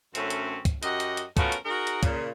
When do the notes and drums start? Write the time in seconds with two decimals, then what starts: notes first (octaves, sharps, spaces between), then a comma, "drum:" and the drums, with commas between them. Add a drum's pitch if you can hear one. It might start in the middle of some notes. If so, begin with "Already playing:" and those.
0.15 F#2 D3 A3 C4 C#4, drum: hi-hat
0.30 drum: hi-hat
0.65 drum: kick, hi-hat
0.83 F#2 F#4 G4 D#5, drum: hi-hat
1.00 drum: hi-hat
1.17 drum: hi-hat
1.37 A3 B3 C#4 F4 F#4 A#4, drum: kick, hi-hat
1.52 drum: hi-hat
1.65 D#4 F#4 G#4 A#4
1.87 drum: hi-hat
2.03 A#2 C#3, drum: kick, hi-hat